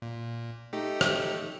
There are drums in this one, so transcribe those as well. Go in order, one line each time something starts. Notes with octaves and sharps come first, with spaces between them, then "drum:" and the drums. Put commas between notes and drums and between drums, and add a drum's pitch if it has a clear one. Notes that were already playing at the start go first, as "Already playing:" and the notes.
A#2
A3 D#4 G4
drum: rim click